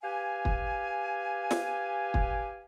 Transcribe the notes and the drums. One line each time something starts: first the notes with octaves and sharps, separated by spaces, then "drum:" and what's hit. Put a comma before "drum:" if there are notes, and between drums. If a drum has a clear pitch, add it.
G4 B4 F5 G#5
drum: kick
drum: snare
drum: kick